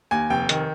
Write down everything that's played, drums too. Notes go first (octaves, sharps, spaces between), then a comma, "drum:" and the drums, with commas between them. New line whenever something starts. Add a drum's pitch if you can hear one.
D#2 G#5
F1 G5
D#3, drum: hi-hat